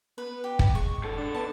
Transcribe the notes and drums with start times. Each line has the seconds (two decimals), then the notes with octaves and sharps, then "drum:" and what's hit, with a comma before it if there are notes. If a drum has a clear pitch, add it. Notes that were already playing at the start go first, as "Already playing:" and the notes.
0.18 B3 B4
0.44 G4
0.59 drum: kick
0.75 G#3 C#6
1.04 D#3 A4
1.18 D4
1.34 B3 A5